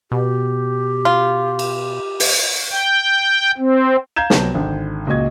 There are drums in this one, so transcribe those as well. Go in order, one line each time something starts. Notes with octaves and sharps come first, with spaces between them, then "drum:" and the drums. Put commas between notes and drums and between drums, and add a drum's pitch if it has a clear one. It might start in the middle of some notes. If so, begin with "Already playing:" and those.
B2 G4
F4
drum: cymbal
drum: open hi-hat
G5
C4
F5 A#5 G6 G#6 E7
C2 C3 F#3 B3 A5, drum: snare
G#1 D3
C#2 A#2 F#4 D#5 G#6